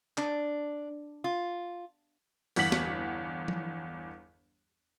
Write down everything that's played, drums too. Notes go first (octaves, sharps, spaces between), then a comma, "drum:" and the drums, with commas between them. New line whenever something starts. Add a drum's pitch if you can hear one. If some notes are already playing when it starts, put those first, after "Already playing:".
D4, drum: clap
F4
G1 E2 F#5 B6 F#7, drum: open hi-hat
drum: snare
drum: tom F3